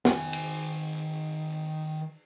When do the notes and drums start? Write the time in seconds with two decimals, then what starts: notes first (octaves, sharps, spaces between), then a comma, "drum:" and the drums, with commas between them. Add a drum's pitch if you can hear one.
0.05 D#3 G#5, drum: snare
0.33 drum: cymbal